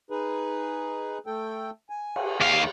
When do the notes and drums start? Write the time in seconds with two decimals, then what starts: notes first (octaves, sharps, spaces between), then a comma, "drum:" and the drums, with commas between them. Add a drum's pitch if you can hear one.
0.10 D#4 G#4 B4
1.27 A3 A4 G5
1.90 G#5
2.16 drum: cymbal
2.41 D#2 F5